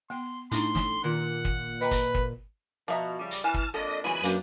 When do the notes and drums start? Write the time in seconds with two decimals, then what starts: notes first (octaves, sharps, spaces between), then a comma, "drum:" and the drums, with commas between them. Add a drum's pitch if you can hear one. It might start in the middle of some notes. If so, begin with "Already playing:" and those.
0.10 B3 G5 C6
0.52 A2 D4 D#4 C6, drum: hi-hat
0.75 drum: snare
1.04 A#2 D#3 F4 F#5
1.45 drum: kick
1.81 B4 D#5 G5 A#5
1.91 drum: kick, hi-hat
2.15 drum: kick
2.88 B2 F3 E5 A#5
3.19 C#3 G3
3.31 drum: hi-hat
3.44 E3 G#5 A5 F6
3.54 drum: kick
3.74 F2 A#3 D4 A4 D#5
4.04 A#2 C#3 E3 F#3 G#3 B3 G#5 B5
4.23 F#2 A#3 D4 B4, drum: hi-hat